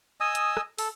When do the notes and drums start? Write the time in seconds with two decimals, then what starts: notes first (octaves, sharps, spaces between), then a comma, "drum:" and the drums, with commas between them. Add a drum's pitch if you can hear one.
0.20 D#5 G#5 D#6 E6
0.35 drum: hi-hat
0.57 drum: rim click
0.78 A4, drum: open hi-hat